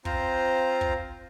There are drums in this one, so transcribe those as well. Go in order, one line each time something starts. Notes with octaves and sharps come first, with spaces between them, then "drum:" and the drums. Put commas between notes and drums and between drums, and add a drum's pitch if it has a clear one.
C4 F4 C5 A#5, drum: kick
drum: kick